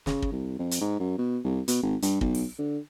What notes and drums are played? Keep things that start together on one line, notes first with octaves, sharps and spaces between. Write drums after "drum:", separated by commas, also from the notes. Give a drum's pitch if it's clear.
C#3, drum: snare
drum: kick
C2
F2
drum: hi-hat
G#2
F#2
B2
C2
B2, drum: hi-hat
G#1
G2, drum: hi-hat
B1, drum: kick
drum: open hi-hat
D3